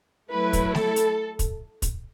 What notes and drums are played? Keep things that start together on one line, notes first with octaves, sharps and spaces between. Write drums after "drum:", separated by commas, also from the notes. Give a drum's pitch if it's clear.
F#3 A3 E4 B4
drum: kick, hi-hat
A4, drum: snare A3
drum: hi-hat
drum: kick, hi-hat
drum: kick, hi-hat